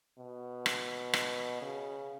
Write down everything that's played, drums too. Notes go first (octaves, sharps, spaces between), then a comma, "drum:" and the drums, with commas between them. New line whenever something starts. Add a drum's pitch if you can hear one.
B2
drum: rim click
drum: rim click
C#3